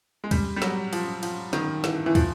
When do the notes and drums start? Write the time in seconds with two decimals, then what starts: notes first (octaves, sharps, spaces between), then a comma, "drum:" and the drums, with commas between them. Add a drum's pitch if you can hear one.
0.24 G#3
0.31 G3, drum: kick, cymbal
0.56 G3
0.62 F#3, drum: snare
0.93 F3, drum: cymbal
1.23 F3, drum: cymbal
1.53 D#3, drum: snare
1.84 E3, drum: snare
2.06 E3
2.15 F3, drum: kick, cymbal